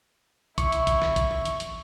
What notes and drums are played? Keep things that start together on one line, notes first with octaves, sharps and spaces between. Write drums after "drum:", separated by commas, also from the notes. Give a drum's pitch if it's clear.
E4 C#6, drum: kick, hi-hat
drum: hi-hat
drum: kick, hi-hat
drum: snare
drum: kick, hi-hat
drum: tom E3
drum: hi-hat
drum: hi-hat